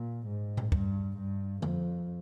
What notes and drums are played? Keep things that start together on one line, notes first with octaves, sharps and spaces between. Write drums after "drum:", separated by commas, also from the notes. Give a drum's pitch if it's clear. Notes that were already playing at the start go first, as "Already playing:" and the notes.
Already playing: A#2
G#2
drum: tom A2
G2, drum: kick
G2
F2, drum: tom D3